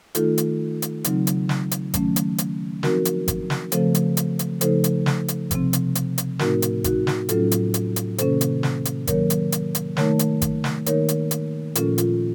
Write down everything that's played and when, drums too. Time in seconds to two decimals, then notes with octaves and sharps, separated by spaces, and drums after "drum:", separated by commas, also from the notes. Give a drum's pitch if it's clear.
0.15 D#3 A3 D#4 F4 A4, drum: hi-hat
0.38 drum: hi-hat
0.82 drum: hi-hat
1.04 C#3 F#3 C4 D#4, drum: hi-hat
1.27 drum: hi-hat
1.49 drum: snare
1.71 drum: hi-hat
1.94 D#3 F#3 A3 C#4, drum: kick G#1, hi-hat
2.16 drum: hi-hat
2.38 drum: hi-hat
2.83 F3 C4 D#4 F#4 A#4, drum: snare
3.05 drum: hi-hat
3.28 drum: kick G#1, hi-hat
3.50 drum: snare
3.72 C#3 F3 A3 C4 A4 C5, drum: hi-hat
3.95 drum: hi-hat
4.17 drum: hi-hat
4.39 drum: hi-hat
4.61 C#3 F3 A3 D#4 A4 C5, drum: hi-hat
4.84 drum: hi-hat
5.06 drum: snare
5.28 drum: hi-hat
5.51 C3 F3 C4, drum: kick G#1, hi-hat
5.73 drum: hi-hat
5.95 drum: hi-hat
6.18 drum: hi-hat
6.39 A2 A3 C4 D#4 F#4 A#4, drum: snare
6.62 drum: hi-hat
6.84 D#4 F#4, drum: kick G#1, hi-hat
7.07 drum: snare
7.29 A2 F#3 A3 C#4 F4 A4, drum: hi-hat
7.52 drum: hi-hat
7.74 drum: hi-hat
7.96 drum: hi-hat
8.18 C3 D#3 A#3 C#4 A4 C5, drum: hi-hat
8.41 drum: hi-hat
8.63 drum: snare
8.85 drum: hi-hat
9.07 D#3 F#3 A#3 A#4 C#5, drum: kick G#1, hi-hat
9.30 drum: hi-hat
9.52 drum: hi-hat
9.75 drum: hi-hat
9.97 D#3 A3 D#4 A#4 C#5, drum: snare
10.19 drum: hi-hat
10.42 drum: kick G#1, hi-hat
10.64 drum: snare
10.86 D#3 A#3 D#4 A#4 C#5, drum: hi-hat
11.08 drum: hi-hat
11.31 drum: hi-hat
11.75 A#2 F3 A3 C#4 F4 A4, drum: hi-hat
11.98 F4, drum: hi-hat